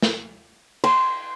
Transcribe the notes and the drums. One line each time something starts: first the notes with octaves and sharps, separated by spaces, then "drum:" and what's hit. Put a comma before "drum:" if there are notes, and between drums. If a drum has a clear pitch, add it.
drum: snare
C6, drum: cymbal